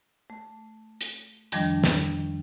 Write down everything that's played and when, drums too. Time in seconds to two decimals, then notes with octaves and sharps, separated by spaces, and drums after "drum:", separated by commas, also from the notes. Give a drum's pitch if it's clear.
0.30 A3
1.01 drum: hi-hat
1.52 F2 D#3 F3 G3 D4, drum: hi-hat
1.84 drum: snare